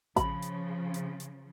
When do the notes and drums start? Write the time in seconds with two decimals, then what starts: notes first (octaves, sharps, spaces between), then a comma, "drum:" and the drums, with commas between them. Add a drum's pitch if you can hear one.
0.16 C#3 F3 B5, drum: kick A1, hi-hat
0.42 drum: hi-hat
0.94 drum: hi-hat
1.20 drum: hi-hat